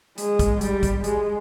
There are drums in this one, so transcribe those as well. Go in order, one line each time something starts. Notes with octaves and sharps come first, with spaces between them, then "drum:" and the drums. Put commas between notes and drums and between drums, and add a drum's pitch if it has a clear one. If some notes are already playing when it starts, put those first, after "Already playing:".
G#3, drum: hi-hat
drum: kick, hi-hat
G3, drum: hi-hat
drum: kick, hi-hat
G#3, drum: hi-hat